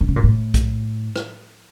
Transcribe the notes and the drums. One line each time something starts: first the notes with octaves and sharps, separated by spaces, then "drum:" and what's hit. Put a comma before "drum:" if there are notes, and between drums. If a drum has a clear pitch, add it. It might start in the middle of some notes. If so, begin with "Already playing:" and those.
D3
C#3
A#2
A2
drum: kick B1, hi-hat
drum: rim click